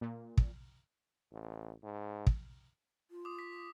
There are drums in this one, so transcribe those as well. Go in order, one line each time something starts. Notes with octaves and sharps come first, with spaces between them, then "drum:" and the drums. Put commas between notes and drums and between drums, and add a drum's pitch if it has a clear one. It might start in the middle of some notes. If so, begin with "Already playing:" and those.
A#2
drum: kick
A1
G#2
drum: kick
F4
D6 D#6
B6